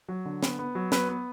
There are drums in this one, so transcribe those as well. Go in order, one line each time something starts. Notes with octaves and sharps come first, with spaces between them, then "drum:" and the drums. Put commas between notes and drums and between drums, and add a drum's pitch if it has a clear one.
F#3
D3
B3, drum: snare
B3
F#3
B3 B4, drum: snare
B3